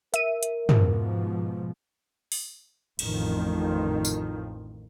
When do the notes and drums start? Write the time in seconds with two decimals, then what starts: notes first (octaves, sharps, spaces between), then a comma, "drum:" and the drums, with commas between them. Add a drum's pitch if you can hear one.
0.14 A#4 E5 D#7, drum: hi-hat
0.43 drum: hi-hat
0.69 G#2 B2 F3, drum: tom
2.32 drum: open hi-hat
2.99 A1 F2 D#3 F3, drum: cymbal
4.05 drum: tambourine